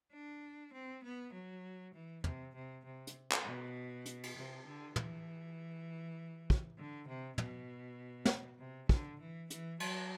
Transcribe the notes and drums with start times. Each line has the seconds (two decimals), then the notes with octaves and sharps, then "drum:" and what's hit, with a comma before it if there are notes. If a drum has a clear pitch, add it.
0.13 D4
0.73 C4
1.03 B3
1.33 F#3
1.94 E3
2.24 C3, drum: tom
2.55 C3
2.85 C3
3.07 drum: hi-hat
3.32 drum: clap
3.45 B2
4.06 drum: hi-hat
4.23 drum: cymbal
4.36 C3
4.65 D3
4.96 E3, drum: tom
6.50 drum: kick
6.78 D3
7.07 C3
7.38 B2, drum: tom
8.25 drum: snare
8.59 C3
8.89 D3, drum: kick
9.20 E3
9.50 E3, drum: hi-hat
9.80 F#3, drum: cymbal